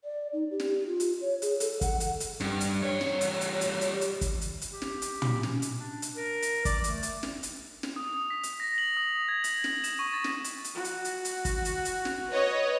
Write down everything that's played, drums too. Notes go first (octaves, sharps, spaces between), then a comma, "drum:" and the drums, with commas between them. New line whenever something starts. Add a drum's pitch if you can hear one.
D5
D#4
G4
drum: snare
F4
drum: hi-hat
C#5
G#4, drum: hi-hat
A4, drum: hi-hat
F#5, drum: kick, hi-hat
drum: hi-hat
drum: hi-hat
G2, drum: snare
drum: hi-hat
G3 C#5
drum: snare
drum: hi-hat
drum: hi-hat
drum: hi-hat
drum: hi-hat
drum: hi-hat
drum: kick, hi-hat
drum: hi-hat
drum: hi-hat
G4
drum: snare
drum: hi-hat
drum: tom
C#4, drum: snare
drum: hi-hat
D4
drum: hi-hat
A#4
drum: hi-hat
D5, drum: kick, hi-hat
A3, drum: hi-hat
drum: hi-hat
drum: snare
drum: hi-hat
drum: snare
D#6
B6
drum: hi-hat
A#6
F#7
D#6
G#6
drum: hi-hat
drum: snare
E7, drum: hi-hat
C#6
A6
drum: snare
drum: hi-hat
drum: hi-hat
F#4
drum: hi-hat
drum: hi-hat
drum: hi-hat
drum: kick, hi-hat
drum: hi-hat
drum: hi-hat
drum: snare
B4 C#5 D#5